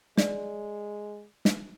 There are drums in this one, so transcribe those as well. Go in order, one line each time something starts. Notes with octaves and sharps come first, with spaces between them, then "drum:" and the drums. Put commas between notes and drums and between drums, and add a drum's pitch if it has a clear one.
G#3 D5, drum: snare
drum: snare